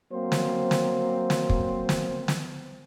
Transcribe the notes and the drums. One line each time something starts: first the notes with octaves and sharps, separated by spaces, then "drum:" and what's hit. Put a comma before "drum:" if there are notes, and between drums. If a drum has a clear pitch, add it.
F#3 A#3 C4 C5
drum: snare
drum: snare
drum: snare
drum: kick
drum: snare
drum: snare